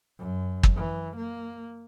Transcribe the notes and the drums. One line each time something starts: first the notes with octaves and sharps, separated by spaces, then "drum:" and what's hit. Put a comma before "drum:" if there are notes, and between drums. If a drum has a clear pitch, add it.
F#2
drum: kick
E3
A#3